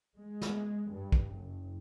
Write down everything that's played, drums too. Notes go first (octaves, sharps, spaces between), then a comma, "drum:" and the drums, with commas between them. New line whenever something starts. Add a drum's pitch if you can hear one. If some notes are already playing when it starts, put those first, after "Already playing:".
G#3
drum: snare
G2
drum: kick
F#1